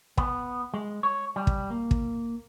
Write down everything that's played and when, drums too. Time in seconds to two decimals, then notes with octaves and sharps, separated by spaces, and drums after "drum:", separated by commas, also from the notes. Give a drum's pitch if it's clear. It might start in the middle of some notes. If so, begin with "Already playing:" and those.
0.17 B3, drum: kick
0.74 G#3
1.03 C#5
1.36 G3
1.47 drum: kick
1.70 A#3
1.91 drum: kick